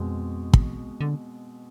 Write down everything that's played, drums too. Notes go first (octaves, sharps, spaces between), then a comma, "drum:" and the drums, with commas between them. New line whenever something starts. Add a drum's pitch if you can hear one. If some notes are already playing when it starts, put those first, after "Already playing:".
Already playing: F2 B2 G#3 C4
drum: kick
D3